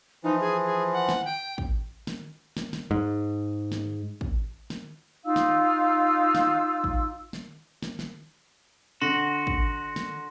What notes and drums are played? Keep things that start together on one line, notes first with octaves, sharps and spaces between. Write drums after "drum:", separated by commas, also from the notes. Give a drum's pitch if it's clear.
E3 F3 D#4
G#4
G#4
F#5
drum: snare
G5
drum: kick
drum: snare
drum: snare
drum: snare
G#2
drum: snare
drum: kick
drum: snare
D#4 F4 F5 E6
drum: snare
drum: snare
drum: kick
drum: snare
drum: snare
drum: snare
D3 F#4 C6 A#6
drum: kick
drum: snare